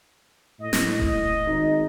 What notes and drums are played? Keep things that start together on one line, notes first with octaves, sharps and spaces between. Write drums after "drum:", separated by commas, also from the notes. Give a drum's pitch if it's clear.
A2 D#5
drum: snare
D#5, drum: kick D#1
G#1 D#4